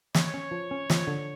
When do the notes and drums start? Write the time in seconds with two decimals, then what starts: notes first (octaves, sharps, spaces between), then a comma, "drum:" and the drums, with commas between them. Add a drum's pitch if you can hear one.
0.15 C#4 C#5, drum: snare
0.34 C#4
0.51 F3
0.71 C#4
0.90 F3, drum: snare
1.07 D3